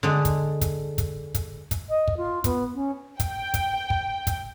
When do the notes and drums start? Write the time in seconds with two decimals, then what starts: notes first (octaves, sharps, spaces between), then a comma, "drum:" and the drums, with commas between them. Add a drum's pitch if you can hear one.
0.03 D3 G#3
0.25 drum: kick, hi-hat
0.61 drum: kick, hi-hat
0.98 drum: kick, hi-hat
1.35 drum: kick, hi-hat
1.71 drum: kick, hi-hat
1.89 D#5
2.08 drum: kick
2.17 F4
2.44 B3, drum: kick, hi-hat
2.75 C#4
3.20 G5, drum: kick, hi-hat
3.54 drum: kick, hi-hat
3.90 drum: kick
4.27 drum: kick, hi-hat